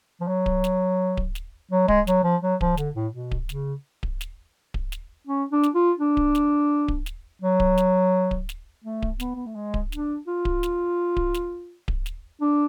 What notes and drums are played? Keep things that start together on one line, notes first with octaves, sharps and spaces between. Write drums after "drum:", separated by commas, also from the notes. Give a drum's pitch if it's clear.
F3
F#3
drum: kick D1
drum: snare
drum: kick D1
drum: snare
F#3
G#3, drum: kick D1
F#3, drum: snare
F3
F#3
F3, drum: kick D1
D3, drum: snare
A2
B2
drum: kick D1
C#3, drum: snare
drum: kick D1
drum: snare
drum: kick D1
drum: snare
C#4
D4
drum: snare
F4
D4
drum: kick D1
drum: snare
drum: kick D1
drum: snare
F#3
drum: kick D1
drum: snare
drum: kick D1
drum: snare
A3
drum: kick D1
B3, drum: snare
B3
A3
G#3
drum: kick D1
D4, drum: snare
F4
drum: kick D1
drum: snare
drum: kick D1
drum: snare
drum: kick D1
drum: snare
D4